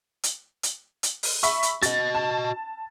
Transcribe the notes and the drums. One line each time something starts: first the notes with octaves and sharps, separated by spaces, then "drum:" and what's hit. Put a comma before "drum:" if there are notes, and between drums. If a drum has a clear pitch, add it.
drum: hi-hat
drum: hi-hat
drum: hi-hat
drum: open hi-hat
E5 B5 C#6, drum: hi-hat
drum: hi-hat
F#4 D#5 A6, drum: hi-hat
A5